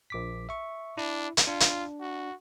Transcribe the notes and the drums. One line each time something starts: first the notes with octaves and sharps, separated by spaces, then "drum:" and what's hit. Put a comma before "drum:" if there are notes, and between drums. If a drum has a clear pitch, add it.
A#1 D6 B6
E5 C#6
D4 E4
drum: hi-hat
D4 F4
drum: hi-hat
F#4